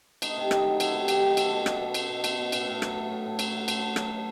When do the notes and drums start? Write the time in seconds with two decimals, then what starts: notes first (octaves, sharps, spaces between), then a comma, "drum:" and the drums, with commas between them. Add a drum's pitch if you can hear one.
0.22 A3 D#4, drum: cymbal
0.37 C3
0.51 D#3 D#4, drum: rim click
0.66 F#3
0.80 A3 E4, drum: cymbal
0.95 C3
1.08 D#3 G4, drum: cymbal
1.23 F#3
1.37 A3 A4, drum: cymbal
1.52 B2
1.66 A3, drum: rim click
1.81 B2
1.94 A3, drum: cymbal
2.09 B2
2.24 A3, drum: cymbal
2.38 B2
2.52 A2, drum: cymbal
2.68 A2
2.82 F#3, drum: rim click
2.96 A3
3.11 A2
3.25 A2
3.39 F#3, drum: cymbal
3.53 A3
3.68 A2, drum: cymbal
3.82 A2
3.96 F#3, drum: rim click
4.10 A3